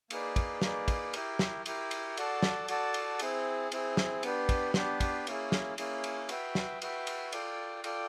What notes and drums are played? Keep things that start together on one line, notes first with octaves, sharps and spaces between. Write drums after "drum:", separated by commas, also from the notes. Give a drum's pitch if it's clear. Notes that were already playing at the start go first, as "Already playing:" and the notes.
A#3 D#4 G#4 B4 D5, drum: cymbal
drum: kick, cymbal
A#3 D#4 G#4 B4 D5, drum: snare
drum: kick, cymbal
E4 G4 A#4, drum: cymbal
drum: snare
E4 G4 A#4, drum: cymbal
drum: cymbal
F#4 A4 D5 F#5 A5, drum: cymbal
drum: snare
F#4 A4 D5 F#5 A5, drum: cymbal
drum: cymbal
C4 E4 G#4, drum: cymbal
C4 E4 G#4, drum: cymbal
drum: snare
B3 D4 G4 B4, drum: cymbal
drum: kick, cymbal
B3 D4 G4 B4, drum: snare
drum: kick, cymbal
A#3 C#4 E4 G#4, drum: cymbal
drum: snare
A#3 C#4 E4 G#4, drum: cymbal
drum: cymbal
F#4 B4 E5 G5, drum: cymbal
drum: snare
F#4 B4 E5 G5, drum: cymbal
drum: cymbal
F4 A4 D5 G5, drum: cymbal
F4 A4 D5 G5, drum: cymbal